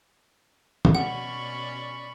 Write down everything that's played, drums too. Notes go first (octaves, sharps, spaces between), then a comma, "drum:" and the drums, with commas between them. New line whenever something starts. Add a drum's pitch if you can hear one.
drum: tom
B2 C#4 D5 F#5 B5 C#6